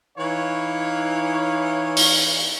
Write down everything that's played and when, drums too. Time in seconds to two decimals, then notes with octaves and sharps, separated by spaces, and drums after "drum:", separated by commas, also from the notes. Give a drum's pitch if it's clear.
0.18 E3 D#4 C#5 F5
1.97 drum: open hi-hat